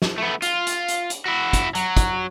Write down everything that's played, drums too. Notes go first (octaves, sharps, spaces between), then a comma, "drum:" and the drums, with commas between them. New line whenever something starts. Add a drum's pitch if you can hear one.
drum: snare
A3 B3
F4, drum: hi-hat
drum: hi-hat
drum: hi-hat
drum: hi-hat
E4 F#4
drum: kick, hi-hat
F#3, drum: hi-hat
drum: kick, hi-hat